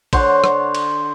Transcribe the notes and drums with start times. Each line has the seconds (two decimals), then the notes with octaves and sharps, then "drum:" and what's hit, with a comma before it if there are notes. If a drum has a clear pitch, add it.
0.13 D3 C5 C#5 F#5, drum: kick A1, cymbal
0.44 drum: rim click
0.75 drum: cymbal